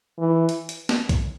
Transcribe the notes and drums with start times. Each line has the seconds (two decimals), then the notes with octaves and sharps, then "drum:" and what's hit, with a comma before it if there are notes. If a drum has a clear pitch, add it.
0.19 E3
0.49 drum: hi-hat
0.69 drum: hi-hat
0.89 drum: snare
1.09 drum: kick, hi-hat